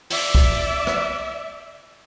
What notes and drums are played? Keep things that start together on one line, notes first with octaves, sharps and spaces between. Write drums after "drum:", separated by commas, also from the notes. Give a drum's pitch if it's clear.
D5 E5, drum: open hi-hat
drum: kick
drum: rim click